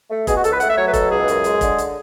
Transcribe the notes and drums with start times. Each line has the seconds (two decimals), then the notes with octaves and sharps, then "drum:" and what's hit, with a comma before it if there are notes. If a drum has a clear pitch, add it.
0.09 A3
0.27 B2 G#4, drum: kick F1, hi-hat
0.36 F#4
0.44 C#2 A4, drum: hi-hat
0.52 B4
0.60 A3 F#5, drum: hi-hat
0.69 E5
0.77 F#3 C#5
0.86 B4
0.94 B2 A4, drum: kick F1, hi-hat
1.10 C#2 G#4
1.28 F#2, drum: hi-hat
1.44 G#3, drum: hi-hat
1.61 D3, drum: kick F1, hi-hat
1.78 drum: hi-hat